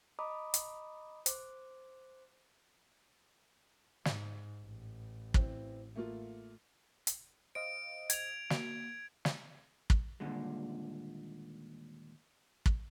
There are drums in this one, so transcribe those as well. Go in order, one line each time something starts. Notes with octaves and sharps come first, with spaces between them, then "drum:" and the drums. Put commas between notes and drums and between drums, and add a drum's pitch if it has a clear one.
D#5 A#5 B5 D6 D#6
drum: hi-hat
C5 D6, drum: hi-hat
G#2, drum: snare
A1
E3 C4, drum: kick
A3 A#3 F4
drum: hi-hat
C5 D#5 F5 D7
G#6 F7, drum: hi-hat
A#3 F#4, drum: snare
drum: snare
drum: kick
D#2 A#2 D3 G3 G#3
drum: kick